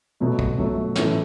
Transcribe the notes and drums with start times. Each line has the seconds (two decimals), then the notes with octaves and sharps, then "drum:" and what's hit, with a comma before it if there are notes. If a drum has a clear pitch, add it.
0.20 B2 F#3 A3
0.39 drum: kick
0.58 B2 F#3 A3
0.95 A2 E3 A3 C#4, drum: snare